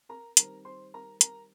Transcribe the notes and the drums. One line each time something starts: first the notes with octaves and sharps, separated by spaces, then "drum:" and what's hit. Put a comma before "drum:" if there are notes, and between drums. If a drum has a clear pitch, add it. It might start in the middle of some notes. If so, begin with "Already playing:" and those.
A#4 A#5
D#3 G3 C4 A#4 A#5, drum: hi-hat
C5 C6
A#4 A#5
A#4 A#5, drum: hi-hat